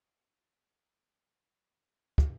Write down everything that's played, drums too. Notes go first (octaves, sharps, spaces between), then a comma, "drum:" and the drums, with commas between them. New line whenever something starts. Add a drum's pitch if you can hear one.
F#4 G#4 C5 D5 D#5 F5
drum: kick